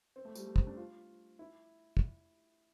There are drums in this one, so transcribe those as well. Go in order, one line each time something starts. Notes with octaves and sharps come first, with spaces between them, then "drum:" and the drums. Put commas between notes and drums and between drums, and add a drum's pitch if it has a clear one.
C4
A3
G3, drum: tambourine
A3
C4, drum: kick
D4
F4
E4
drum: kick